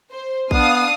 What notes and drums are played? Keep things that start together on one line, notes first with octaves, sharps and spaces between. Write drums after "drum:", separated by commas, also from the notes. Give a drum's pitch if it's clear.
C5
B3 D4 F5 D#6, drum: kick